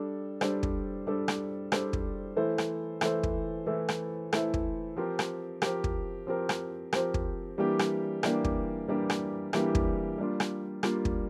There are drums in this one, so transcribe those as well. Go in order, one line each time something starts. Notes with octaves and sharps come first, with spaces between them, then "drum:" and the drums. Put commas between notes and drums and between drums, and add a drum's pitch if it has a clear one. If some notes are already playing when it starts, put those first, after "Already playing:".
Already playing: G3 D4 A4
G3 D4 A4 C5, drum: rim click
drum: kick
G3 D4 A4 C5
drum: rim click
G3 D4 A4 C5, drum: rim click
drum: kick
E3 A3 E4 A4 C5
drum: rim click
E3 A3 E4 A4 C5, drum: rim click
drum: kick
E3 A3 E4 A4 C5
drum: rim click
E3 A3 E4 A4 C5, drum: rim click
drum: kick
F3 C4 G4 A#4
drum: rim click
F3 C4 G4 A#4, drum: rim click
drum: kick
F3 C4 G4 A#4
drum: rim click
F3 C4 G4 A#4, drum: rim click
drum: kick
E3 G3 A#3 D4 G4
drum: rim click
E3 G3 A#3 D4 G4, drum: rim click
drum: kick
E3 G3 A#3 D4 G4
drum: rim click
E3 G3 A#3 D4 G4, drum: rim click
drum: kick
G3 A#3 D4 F4
drum: rim click
G3 A#3 D4 F4, drum: rim click
drum: kick